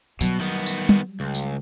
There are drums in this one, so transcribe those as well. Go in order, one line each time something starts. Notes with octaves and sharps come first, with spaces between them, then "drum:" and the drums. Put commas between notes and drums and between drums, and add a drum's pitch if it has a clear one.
B2 F#3 G3, drum: tambourine
D#3 B3
drum: tambourine
drum: tom G3
C#2
drum: tambourine